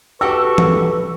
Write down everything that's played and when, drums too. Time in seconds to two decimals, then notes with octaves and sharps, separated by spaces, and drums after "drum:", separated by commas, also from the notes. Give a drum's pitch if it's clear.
0.21 F#4 G4 A4 B4 C#6 E6
0.58 drum: tom